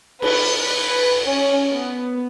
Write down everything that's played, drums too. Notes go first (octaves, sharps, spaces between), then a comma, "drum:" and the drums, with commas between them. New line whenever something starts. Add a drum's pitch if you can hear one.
B4, drum: cymbal
B4
C#4
B3